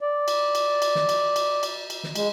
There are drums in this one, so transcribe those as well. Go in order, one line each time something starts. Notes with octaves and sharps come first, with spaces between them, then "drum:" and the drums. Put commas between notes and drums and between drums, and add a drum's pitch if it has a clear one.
D5
drum: cymbal
drum: cymbal
drum: cymbal
drum: snare
drum: cymbal
drum: cymbal
drum: cymbal
drum: cymbal
drum: snare
G#3, drum: cymbal